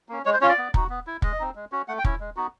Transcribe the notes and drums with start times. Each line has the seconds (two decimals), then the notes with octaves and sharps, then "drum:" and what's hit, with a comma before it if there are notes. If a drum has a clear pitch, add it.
0.09 A#3 C#4
0.25 G#3 C#5
0.33 C5
0.41 C#4 F4 C#5
0.49 D5
0.58 B3
0.74 D#4 F#4, drum: kick
0.90 B3
1.07 E4
1.22 G#3 D#5, drum: kick
1.39 C4 D#4
1.55 G#3
1.72 C#4 F#4
1.88 A3 F#5
1.99 G5
2.04 C#4 E4, drum: kick
2.20 G#3
2.36 B3 D#4 F#4